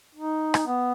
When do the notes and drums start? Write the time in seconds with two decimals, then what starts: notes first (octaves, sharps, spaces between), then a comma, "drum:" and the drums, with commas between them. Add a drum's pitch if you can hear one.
0.15 D#4
0.54 drum: rim click
0.67 B3